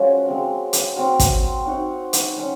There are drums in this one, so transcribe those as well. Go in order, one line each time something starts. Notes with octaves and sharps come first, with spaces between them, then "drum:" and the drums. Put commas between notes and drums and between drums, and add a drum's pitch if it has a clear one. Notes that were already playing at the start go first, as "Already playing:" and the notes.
Already playing: F3 G#3 C#4 F#4
G#3 C4 F#4
drum: hi-hat
C4 F#4 A#4
drum: kick, hi-hat
C4 D#4 F#4
drum: hi-hat
F#3 C#4 F#4 C5